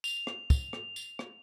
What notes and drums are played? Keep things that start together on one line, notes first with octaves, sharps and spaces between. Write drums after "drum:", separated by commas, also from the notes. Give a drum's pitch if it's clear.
F7, drum: tambourine
drum: rim click
drum: kick, tambourine
drum: rim click
drum: tambourine
drum: rim click